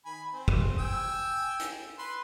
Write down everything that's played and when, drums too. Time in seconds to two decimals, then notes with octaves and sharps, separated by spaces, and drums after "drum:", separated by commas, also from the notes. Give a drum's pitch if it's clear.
0.05 D#3 G#5 B5
0.33 C4
0.48 drum: kick
0.78 G5 G#5 E6
1.60 drum: hi-hat
1.98 B4 C6